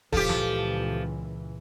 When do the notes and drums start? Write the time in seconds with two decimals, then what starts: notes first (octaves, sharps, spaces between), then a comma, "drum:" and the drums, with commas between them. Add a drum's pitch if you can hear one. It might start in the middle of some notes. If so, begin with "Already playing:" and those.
0.13 C#2 A#2 E3 F3 G4 A4, drum: kick D1
0.29 drum: snare